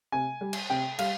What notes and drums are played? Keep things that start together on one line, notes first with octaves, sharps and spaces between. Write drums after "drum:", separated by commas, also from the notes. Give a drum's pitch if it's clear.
C3 G#5
G3
drum: cymbal
C3 G5
G3 F5, drum: cymbal